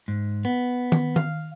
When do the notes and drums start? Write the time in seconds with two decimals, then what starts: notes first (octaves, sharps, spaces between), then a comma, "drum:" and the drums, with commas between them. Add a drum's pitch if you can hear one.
0.08 G#2
0.45 B3
0.92 drum: tom D#3
1.16 F5, drum: tom D#3